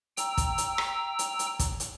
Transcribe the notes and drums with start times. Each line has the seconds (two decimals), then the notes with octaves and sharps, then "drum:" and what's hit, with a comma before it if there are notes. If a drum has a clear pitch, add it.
0.17 G5 A#5 E6, drum: hi-hat
0.37 drum: kick, hi-hat
0.58 drum: hi-hat
0.78 drum: rim click
1.19 drum: hi-hat
1.39 drum: hi-hat
1.59 drum: kick, hi-hat
1.80 drum: hi-hat